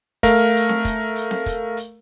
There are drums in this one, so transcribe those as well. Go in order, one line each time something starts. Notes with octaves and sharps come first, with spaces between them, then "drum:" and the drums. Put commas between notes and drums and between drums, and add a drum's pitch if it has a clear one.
A3 A#4 F5, drum: kick, hi-hat
drum: hi-hat
drum: snare C4
drum: kick, hi-hat
drum: hi-hat
drum: snare C4
drum: kick, hi-hat
drum: hi-hat